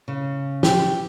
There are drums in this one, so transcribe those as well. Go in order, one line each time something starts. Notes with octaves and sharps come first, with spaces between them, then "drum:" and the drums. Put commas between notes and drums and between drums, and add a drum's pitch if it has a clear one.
C#3
G4, drum: snare